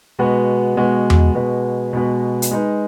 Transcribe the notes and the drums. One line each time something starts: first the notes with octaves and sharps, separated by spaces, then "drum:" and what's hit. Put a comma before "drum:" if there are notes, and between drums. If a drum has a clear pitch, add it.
B2 G#3 B3 F#4 B4
B2 G#3 B3 F#4 B4
drum: tom E2
B2 G#3 B3 F#4 B4
B2 G#3 B3 F#4 B4
drum: hi-hat
G#3 D#4 B4